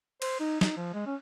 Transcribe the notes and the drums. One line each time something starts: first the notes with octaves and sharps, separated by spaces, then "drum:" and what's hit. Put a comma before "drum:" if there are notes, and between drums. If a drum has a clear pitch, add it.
C5, drum: cymbal
D#4
D#4, drum: snare
F3
G#3
C#4